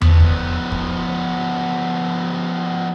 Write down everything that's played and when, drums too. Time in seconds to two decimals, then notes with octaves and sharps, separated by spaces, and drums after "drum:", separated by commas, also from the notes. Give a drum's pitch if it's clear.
0.02 F3 B3, drum: tom E2
0.20 drum: kick
0.72 drum: kick